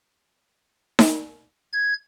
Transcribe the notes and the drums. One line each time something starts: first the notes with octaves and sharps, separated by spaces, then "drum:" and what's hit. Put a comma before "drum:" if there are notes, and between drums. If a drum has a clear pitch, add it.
drum: snare D#4
G#6